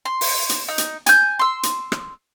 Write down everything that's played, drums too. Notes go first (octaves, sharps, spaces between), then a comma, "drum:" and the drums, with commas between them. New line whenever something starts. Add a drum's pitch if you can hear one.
C6
drum: open hi-hat
drum: hi-hat
D#4
drum: hi-hat
G#5 G6, drum: hi-hat
C6 E6
drum: hi-hat
drum: rim click